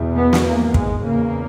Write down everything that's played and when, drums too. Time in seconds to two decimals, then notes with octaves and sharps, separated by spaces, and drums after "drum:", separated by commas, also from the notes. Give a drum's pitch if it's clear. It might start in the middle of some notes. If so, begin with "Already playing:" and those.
Already playing: E2 B2
0.16 B3
0.33 drum: snare
0.45 G#2 A#3
0.74 G#3, drum: kick
1.04 E2 C#3 A#3